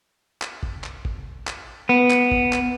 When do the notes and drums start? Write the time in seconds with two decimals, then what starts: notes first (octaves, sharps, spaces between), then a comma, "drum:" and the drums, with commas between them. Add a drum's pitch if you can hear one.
0.42 drum: clap
0.63 drum: kick
0.84 drum: clap
1.05 drum: kick
1.47 drum: clap
1.89 B3
2.10 drum: clap
2.31 drum: kick
2.53 drum: clap